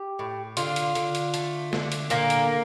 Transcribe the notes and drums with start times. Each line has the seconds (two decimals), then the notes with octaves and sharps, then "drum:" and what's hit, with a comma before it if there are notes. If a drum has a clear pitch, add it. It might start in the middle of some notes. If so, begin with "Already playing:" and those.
Already playing: G4
0.19 A2
0.57 D3 F4, drum: hi-hat
0.76 drum: hi-hat
0.95 D3, drum: hi-hat
1.15 drum: hi-hat
1.34 A3, drum: hi-hat
1.73 D3, drum: snare
1.92 drum: hi-hat
2.10 A#2 A#3, drum: hi-hat
2.30 drum: hi-hat